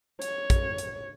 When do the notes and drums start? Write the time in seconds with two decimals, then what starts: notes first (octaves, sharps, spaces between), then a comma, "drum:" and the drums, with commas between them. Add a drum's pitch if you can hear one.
0.22 C#5, drum: hi-hat
0.50 drum: kick, hi-hat
0.78 drum: hi-hat